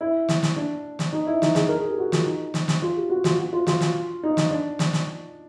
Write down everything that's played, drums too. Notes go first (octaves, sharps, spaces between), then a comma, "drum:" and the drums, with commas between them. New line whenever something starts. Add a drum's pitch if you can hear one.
E4
drum: snare
drum: snare
D4
drum: snare
D#4
E4
D#4, drum: snare
G#4, drum: snare
A#4
G#4
G4
F#4
F4, drum: snare
D#4
drum: snare
drum: snare
F4
G4
F#4
F4, drum: snare
F#4
F4
F4, drum: snare
drum: snare
D#4
drum: snare
D4
drum: snare
drum: snare